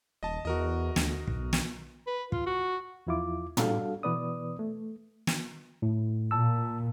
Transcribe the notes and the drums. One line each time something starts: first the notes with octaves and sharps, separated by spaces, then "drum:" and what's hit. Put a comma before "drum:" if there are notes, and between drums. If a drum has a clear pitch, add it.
D#1 D#5 A5
E2 F#4 A#4 D#5
D2, drum: snare
B1, drum: kick
drum: snare
B4
F4, drum: kick
F#4
E2 F3 E4 F4 D6
G3 D4 F#4 A4 F5, drum: tom
B2 E3 B3 B4 D5 D#6
A3
drum: snare
A2
A#2 A5 E6